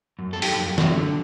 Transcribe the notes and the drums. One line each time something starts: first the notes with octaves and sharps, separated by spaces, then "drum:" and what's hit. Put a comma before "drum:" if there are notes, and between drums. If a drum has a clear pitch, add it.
F#2
A4
F#2 D#4 G4, drum: open hi-hat
F#2
F#3 A3, drum: snare
D3